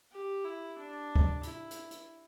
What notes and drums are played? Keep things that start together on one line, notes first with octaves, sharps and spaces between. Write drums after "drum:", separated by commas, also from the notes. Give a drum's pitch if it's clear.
G4
E4
D4
drum: kick
E4, drum: hi-hat
drum: hi-hat
drum: hi-hat